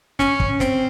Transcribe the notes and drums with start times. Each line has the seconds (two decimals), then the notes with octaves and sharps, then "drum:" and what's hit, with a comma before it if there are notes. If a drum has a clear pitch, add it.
0.19 C#4, drum: snare
0.40 drum: kick
0.60 C4, drum: snare